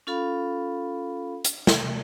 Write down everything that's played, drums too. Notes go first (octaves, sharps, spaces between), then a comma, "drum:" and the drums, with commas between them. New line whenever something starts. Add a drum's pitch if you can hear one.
C#4 F4 A4 F5 B5
drum: hi-hat
drum: snare